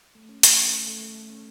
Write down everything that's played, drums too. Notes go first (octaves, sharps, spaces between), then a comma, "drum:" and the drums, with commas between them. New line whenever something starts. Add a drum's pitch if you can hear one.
A3
C#4
A3, drum: hi-hat
C#4
A3
A3
A3
A3
C#4